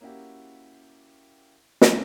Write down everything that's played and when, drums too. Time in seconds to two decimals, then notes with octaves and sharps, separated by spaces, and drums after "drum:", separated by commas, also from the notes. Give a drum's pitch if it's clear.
0.01 A#3 C#4 E4 F#4 G4
1.81 drum: snare